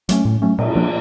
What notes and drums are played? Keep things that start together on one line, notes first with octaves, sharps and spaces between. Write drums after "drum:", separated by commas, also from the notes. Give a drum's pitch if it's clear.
F#3 A3 C#4, drum: hi-hat
A2
F#3 A3 C#4
A#2, drum: cymbal
F3 A#3 D4